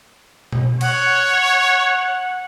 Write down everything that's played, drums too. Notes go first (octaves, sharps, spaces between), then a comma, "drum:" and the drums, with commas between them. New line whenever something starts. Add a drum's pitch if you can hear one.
drum: tom
C#5 F#5, drum: cymbal